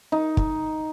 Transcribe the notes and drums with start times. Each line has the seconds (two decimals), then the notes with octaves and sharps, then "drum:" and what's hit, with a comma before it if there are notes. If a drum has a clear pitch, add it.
0.12 D#4
0.37 drum: kick